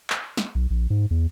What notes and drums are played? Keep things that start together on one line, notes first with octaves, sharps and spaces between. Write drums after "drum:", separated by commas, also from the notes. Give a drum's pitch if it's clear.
drum: clap
drum: snare
B1
A#1
G#2
E2